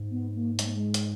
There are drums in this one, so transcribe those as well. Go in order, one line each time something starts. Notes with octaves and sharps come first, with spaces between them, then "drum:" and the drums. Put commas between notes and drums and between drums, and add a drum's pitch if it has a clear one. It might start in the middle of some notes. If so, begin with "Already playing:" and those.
Already playing: G#2
B3
A#3
G#3, drum: hi-hat
A#3
G#3
drum: hi-hat